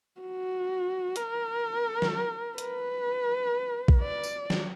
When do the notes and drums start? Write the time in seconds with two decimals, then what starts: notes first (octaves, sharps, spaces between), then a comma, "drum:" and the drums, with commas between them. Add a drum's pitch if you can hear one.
0.21 F#4
1.16 A#4, drum: hi-hat
2.02 drum: snare
2.58 B4, drum: hi-hat
3.88 drum: kick A#1
4.01 D5
4.24 drum: tambourine
4.50 drum: snare